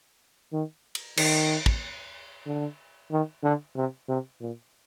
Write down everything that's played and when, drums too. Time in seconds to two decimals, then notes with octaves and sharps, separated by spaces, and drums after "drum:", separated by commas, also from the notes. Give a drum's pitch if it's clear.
0.53 D#3
0.95 drum: cymbal
1.17 D#3, drum: cymbal
1.66 drum: kick
2.46 D3
3.11 D#3
3.43 D3
3.76 C3
4.08 C3
4.41 A#2